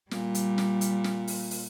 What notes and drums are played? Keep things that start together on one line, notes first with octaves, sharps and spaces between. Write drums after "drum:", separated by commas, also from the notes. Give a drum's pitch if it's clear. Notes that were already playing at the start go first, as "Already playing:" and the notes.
A#2 G3, drum: snare
drum: hi-hat
drum: snare
drum: hi-hat
drum: snare
drum: open hi-hat
drum: open hi-hat